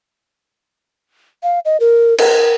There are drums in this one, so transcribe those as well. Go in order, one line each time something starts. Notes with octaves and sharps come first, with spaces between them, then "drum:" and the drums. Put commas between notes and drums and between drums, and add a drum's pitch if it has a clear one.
F5
D#5
A#4
A#4, drum: cymbal